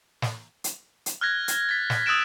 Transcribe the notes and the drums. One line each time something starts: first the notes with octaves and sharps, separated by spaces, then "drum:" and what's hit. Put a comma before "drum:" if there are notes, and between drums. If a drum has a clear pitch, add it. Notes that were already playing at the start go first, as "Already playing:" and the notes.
drum: snare
drum: hi-hat
drum: hi-hat
F6 F#6 G#6 A#6
drum: hi-hat
A6 B6
drum: snare
D#6 E6 F#6 A6 D7 E7